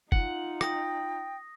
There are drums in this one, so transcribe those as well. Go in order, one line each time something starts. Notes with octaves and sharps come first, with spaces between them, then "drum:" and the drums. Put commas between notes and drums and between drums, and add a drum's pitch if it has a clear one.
D#4 F4 F#5, drum: kick
G5 D#6 A#6, drum: rim click